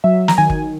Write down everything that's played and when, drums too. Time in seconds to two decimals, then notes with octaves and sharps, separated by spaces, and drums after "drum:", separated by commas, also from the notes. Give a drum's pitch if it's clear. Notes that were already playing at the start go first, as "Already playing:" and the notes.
0.04 F#3 E5
0.28 A#5, drum: snare
0.38 D#3 G#5
0.50 drum: kick